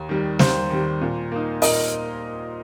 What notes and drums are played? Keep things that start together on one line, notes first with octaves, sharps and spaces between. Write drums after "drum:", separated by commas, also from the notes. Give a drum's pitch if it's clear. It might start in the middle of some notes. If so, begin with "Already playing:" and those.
Already playing: D#2
D#3 G3
D#2 C5, drum: snare
D#3 G3
A#2
A#3 D#4
A#2 A#4 D#5, drum: open hi-hat